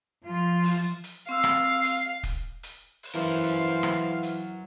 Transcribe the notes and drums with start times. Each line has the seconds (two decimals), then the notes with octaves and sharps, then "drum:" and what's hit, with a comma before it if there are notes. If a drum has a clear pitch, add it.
0.24 F3 F4
0.64 drum: open hi-hat
1.04 drum: hi-hat
1.29 C4 F5 C#6 E6
1.44 drum: rim click
1.83 drum: hi-hat
2.23 drum: kick, hi-hat
2.63 drum: hi-hat
3.03 drum: open hi-hat
3.15 E3 F#3 A#4 C5 F5
3.43 drum: hi-hat
3.83 drum: rim click
4.23 drum: hi-hat